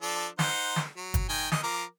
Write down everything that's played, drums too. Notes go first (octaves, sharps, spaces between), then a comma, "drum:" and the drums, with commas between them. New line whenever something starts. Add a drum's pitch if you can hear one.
F3 D4 A4
D#4 C5 F#5, drum: snare
drum: snare
F#3
drum: kick, hi-hat
D#3 G5 G#5
D#5, drum: snare
F3 A#4 D6